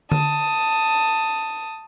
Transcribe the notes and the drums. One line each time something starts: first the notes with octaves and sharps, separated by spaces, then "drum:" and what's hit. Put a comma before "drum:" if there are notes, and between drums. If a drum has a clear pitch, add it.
A5 D#6, drum: tom D3